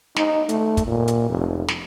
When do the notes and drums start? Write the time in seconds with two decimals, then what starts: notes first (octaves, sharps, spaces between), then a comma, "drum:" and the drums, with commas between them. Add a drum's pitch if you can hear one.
0.16 D#4, drum: snare
0.49 A3, drum: hi-hat
0.77 drum: kick, hi-hat
0.87 A#2
1.08 drum: hi-hat
1.29 F1
1.68 drum: snare